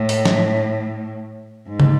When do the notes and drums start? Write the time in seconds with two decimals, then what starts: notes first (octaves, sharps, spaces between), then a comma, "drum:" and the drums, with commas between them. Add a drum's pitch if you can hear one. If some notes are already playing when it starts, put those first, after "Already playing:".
Already playing: A2
0.09 drum: open hi-hat
0.25 drum: snare
1.68 G#2
1.80 drum: tom